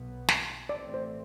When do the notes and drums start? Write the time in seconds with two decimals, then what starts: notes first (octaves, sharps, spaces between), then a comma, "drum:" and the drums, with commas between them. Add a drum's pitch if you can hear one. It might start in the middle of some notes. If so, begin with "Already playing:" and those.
Already playing: B1 B2 B3
0.28 drum: snare
0.69 A1 A2 E3 A3 C4 D5
0.94 C5